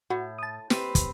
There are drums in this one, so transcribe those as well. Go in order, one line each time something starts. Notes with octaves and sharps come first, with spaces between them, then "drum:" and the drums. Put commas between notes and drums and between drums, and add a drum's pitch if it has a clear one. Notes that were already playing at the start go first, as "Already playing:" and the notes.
A2 F#4
A5 D#6
C4 G4 B4, drum: snare
drum: kick, hi-hat